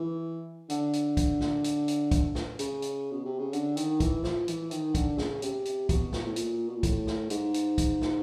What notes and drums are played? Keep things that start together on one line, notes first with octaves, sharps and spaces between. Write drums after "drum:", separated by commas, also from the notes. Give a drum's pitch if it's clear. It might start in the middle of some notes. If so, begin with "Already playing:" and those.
Already playing: E3
D3, drum: hi-hat
drum: hi-hat
drum: kick, hi-hat
drum: snare
drum: hi-hat
drum: hi-hat
drum: kick, hi-hat
drum: snare
C#3, drum: hi-hat
drum: hi-hat
B2
C3
C#3
D3, drum: hi-hat
D#3, drum: hi-hat
E3, drum: kick, hi-hat
F3, drum: snare
E3, drum: hi-hat
D#3, drum: hi-hat
D3, drum: kick, hi-hat
C#3, drum: snare
C3, drum: hi-hat
drum: hi-hat
B2, drum: kick, hi-hat
drum: snare
A2
A#2, drum: hi-hat
B2
A#2
A2, drum: kick, hi-hat
drum: snare
G#2, drum: hi-hat
drum: hi-hat
drum: kick, hi-hat
drum: snare